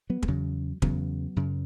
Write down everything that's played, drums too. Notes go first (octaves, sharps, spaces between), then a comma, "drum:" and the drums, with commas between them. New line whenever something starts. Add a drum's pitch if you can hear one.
F#3 B3
G#3, drum: kick
E2 C#3 F#3
E2 C#3 F#3 B3, drum: kick
F#2 C#3